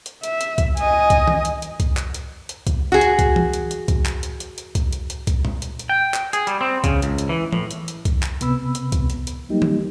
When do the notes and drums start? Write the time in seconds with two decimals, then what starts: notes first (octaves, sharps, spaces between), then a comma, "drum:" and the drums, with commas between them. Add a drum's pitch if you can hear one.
0.06 drum: hi-hat
0.23 E5, drum: hi-hat
0.41 drum: hi-hat
0.58 drum: kick C2, hi-hat
0.77 D#5 G#5, drum: hi-hat
1.10 drum: kick C2, hi-hat
1.28 drum: tom D#3
1.45 drum: hi-hat
1.62 drum: hi-hat
1.80 drum: kick C2, hi-hat
1.97 drum: clap
2.14 drum: hi-hat
2.49 drum: hi-hat
2.67 drum: kick C2, hi-hat
2.92 F#4 G#4
3.01 drum: hi-hat
3.19 drum: kick C2, hi-hat
3.36 drum: tom E3
3.53 drum: hi-hat
3.71 drum: hi-hat
3.88 drum: kick C2, hi-hat
4.06 drum: clap
4.23 drum: hi-hat
4.40 drum: hi-hat
4.58 drum: hi-hat
4.75 drum: kick C2, hi-hat
4.93 drum: hi-hat
5.10 drum: hi-hat
5.27 drum: kick C2, hi-hat
5.45 drum: tom A#2
5.62 drum: hi-hat
5.79 drum: hi-hat
5.89 G5
6.14 drum: clap
6.33 G#4, drum: hi-hat
6.47 G3, drum: hi-hat
6.61 C4
6.84 C#3, drum: kick C2, hi-hat
7.02 C#2, drum: hi-hat
7.18 drum: hi-hat
7.29 E3
7.53 A2, drum: tom E3
7.71 drum: hi-hat
7.88 drum: hi-hat
8.05 drum: kick C2, hi-hat
8.23 drum: clap
8.41 C3 B3 B5 E6, drum: hi-hat
8.75 drum: hi-hat
8.92 drum: kick C2, hi-hat
9.10 drum: hi-hat
9.27 drum: hi-hat
9.49 F#3 G3 A#3 D#4 G4
9.62 drum: tom D#3